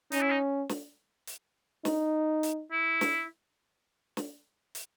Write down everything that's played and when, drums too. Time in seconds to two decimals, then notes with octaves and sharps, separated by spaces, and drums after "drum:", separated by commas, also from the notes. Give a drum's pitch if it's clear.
0.12 C#4 D#4, drum: hi-hat
0.21 E4
0.30 D#4
0.69 drum: snare
1.27 drum: hi-hat
1.85 D#4, drum: snare
2.43 drum: hi-hat
2.72 E4
3.01 drum: snare
4.17 drum: snare
4.75 drum: hi-hat